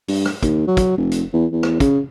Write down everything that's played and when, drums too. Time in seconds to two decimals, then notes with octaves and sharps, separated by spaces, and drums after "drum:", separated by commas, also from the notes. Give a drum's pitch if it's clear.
0.08 G2, drum: open hi-hat
0.25 drum: rim click
0.43 D#2, drum: kick, hi-hat
0.67 F#3
0.77 drum: kick, hi-hat
0.97 F1
1.12 drum: hi-hat
1.33 E2
1.52 E2
1.63 drum: rim click
1.80 C#3, drum: kick, hi-hat